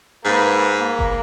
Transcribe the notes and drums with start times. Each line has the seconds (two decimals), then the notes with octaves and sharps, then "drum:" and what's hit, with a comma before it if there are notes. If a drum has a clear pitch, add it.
0.25 G#2 A#3 B4
0.79 A#3
0.99 drum: kick F#1